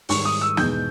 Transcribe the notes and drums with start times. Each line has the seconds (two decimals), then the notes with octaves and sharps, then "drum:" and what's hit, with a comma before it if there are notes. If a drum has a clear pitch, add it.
0.09 G#2 D#3 G3 C#6, drum: open hi-hat
0.25 D#6
0.41 E6
0.57 E2 B2 G#3 D#4 G6, drum: snare